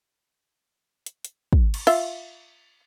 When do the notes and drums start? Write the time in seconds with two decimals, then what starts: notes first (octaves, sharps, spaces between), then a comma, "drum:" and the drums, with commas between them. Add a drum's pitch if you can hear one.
1.06 drum: hi-hat
1.25 drum: hi-hat
1.53 drum: kick
1.74 drum: cymbal
1.87 F4 E5, drum: cymbal